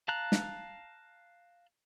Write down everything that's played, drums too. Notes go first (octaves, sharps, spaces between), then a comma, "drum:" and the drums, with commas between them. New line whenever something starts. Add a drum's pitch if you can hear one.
F5 A5 A#5 F#6
drum: snare